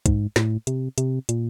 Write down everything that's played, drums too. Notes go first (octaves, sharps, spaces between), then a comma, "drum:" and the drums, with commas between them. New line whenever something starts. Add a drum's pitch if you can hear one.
G#2, drum: kick, hi-hat
A2, drum: snare
C3, drum: hi-hat
C3, drum: hi-hat
A#2, drum: hi-hat